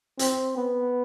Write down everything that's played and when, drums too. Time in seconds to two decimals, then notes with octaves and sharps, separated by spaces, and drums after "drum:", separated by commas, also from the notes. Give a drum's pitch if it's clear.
0.19 C4, drum: hi-hat
0.57 B3